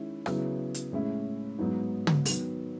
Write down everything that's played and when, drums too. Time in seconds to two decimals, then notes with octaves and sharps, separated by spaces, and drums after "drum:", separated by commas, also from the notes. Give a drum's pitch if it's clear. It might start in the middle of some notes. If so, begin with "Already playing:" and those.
Already playing: D#3 G#3 C#4 E4
0.26 C#3 F#3 B3 E4, drum: rim click
0.74 drum: hi-hat
0.92 A2 G#3 C#4 E4
1.59 G#2 F#3 B3 D#4
2.07 drum: tom
2.25 D#3 F#3 B3, drum: open hi-hat